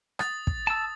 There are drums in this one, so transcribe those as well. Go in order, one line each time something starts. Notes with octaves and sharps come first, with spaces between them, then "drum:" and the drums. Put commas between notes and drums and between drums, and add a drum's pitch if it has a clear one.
D#6 A6, drum: rim click
drum: kick
A5 E6